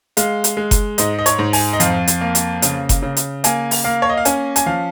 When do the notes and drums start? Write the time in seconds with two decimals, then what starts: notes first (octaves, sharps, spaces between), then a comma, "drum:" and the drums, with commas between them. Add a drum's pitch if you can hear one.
0.17 G#3 F5, drum: hi-hat
0.44 drum: hi-hat
0.57 G#3
0.71 drum: kick F#1, hi-hat
0.98 G#2 D#5, drum: hi-hat
1.19 D#5
1.26 C#5, drum: hi-hat
1.39 G#2
1.53 G#5, drum: open hi-hat
1.73 D#5
1.80 F2 F5, drum: hi-hat
2.07 drum: hi-hat
2.21 A#3
2.35 drum: hi-hat
2.62 C#3, drum: hi-hat
2.89 drum: kick F#1, hi-hat
3.03 C#3
3.17 drum: hi-hat
3.44 A#3 G#5, drum: hi-hat
3.71 drum: open hi-hat
3.84 A#3 F5
4.02 C#5
4.09 D#5
4.17 F5
4.25 C#4 G#5, drum: hi-hat
4.56 G#5, drum: hi-hat
4.66 F3 F5